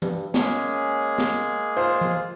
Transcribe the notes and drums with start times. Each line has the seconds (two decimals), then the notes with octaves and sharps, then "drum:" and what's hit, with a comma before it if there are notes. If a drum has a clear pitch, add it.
0.02 G2, drum: tom E3
0.34 G#3 A#3 C#4 G#4, drum: snare
1.18 drum: snare
1.77 F4 C5 C6
2.01 drum: tom E3